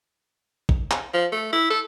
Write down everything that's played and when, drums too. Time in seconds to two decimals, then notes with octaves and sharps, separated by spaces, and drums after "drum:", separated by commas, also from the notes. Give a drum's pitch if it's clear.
0.69 drum: kick
0.91 drum: clap
1.13 F3
1.32 A3
1.53 E4
1.70 A4